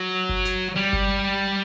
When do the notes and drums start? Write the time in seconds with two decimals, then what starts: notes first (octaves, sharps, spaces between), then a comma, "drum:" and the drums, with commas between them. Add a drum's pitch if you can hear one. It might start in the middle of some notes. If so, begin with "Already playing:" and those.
Already playing: F#3
0.29 drum: kick G1
0.45 drum: snare
0.76 G3
0.93 drum: kick G1